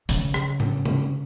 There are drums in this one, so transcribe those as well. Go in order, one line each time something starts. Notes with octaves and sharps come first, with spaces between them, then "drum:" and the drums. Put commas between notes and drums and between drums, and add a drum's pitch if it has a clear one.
C#3, drum: open hi-hat
drum: rim click
drum: tom G#2
drum: tom